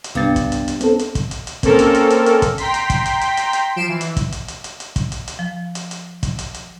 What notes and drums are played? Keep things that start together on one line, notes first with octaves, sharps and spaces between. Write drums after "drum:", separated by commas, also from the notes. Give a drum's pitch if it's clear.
drum: hi-hat
C2 G2 B3 A6
drum: kick, hi-hat
drum: hi-hat
drum: hi-hat
B3 C4 A4, drum: hi-hat
drum: hi-hat
drum: kick, hi-hat
drum: hi-hat
drum: hi-hat
A#3 C4 C#4 A4 A#4, drum: kick, hi-hat
drum: hi-hat
drum: hi-hat
drum: hi-hat
drum: hi-hat
drum: kick, hi-hat
G5 A#5 C6 B6, drum: hi-hat
drum: hi-hat
drum: kick, hi-hat
drum: hi-hat
drum: hi-hat
drum: hi-hat
drum: hi-hat
F3 C7 D7 E7
E3
drum: hi-hat
drum: kick, hi-hat
drum: hi-hat
drum: hi-hat
drum: hi-hat
drum: hi-hat
drum: kick, hi-hat
drum: hi-hat
drum: hi-hat
F3
drum: hi-hat
drum: hi-hat
drum: kick, hi-hat
drum: hi-hat
drum: hi-hat